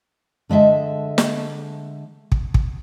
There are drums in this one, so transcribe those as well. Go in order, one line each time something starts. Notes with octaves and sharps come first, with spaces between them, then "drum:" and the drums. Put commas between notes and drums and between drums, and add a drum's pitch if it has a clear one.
D3 G#3 D#5 E5 A5
drum: snare
drum: kick
drum: kick